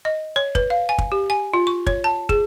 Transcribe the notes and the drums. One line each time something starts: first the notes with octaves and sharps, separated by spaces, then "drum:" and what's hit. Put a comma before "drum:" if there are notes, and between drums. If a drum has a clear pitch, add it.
D#5
C#5
B4, drum: kick
F5
G#5
drum: kick
G4
G#5
F4
C#6
C#5, drum: kick
A5
G#4, drum: kick